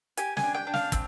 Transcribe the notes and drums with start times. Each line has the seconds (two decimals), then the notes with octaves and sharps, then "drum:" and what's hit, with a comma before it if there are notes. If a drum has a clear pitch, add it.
0.17 G4 G#5, drum: hi-hat
0.37 G#5, drum: snare
0.43 D4
0.54 G5
0.67 D4
0.74 F5, drum: snare
0.92 C4, drum: kick, hi-hat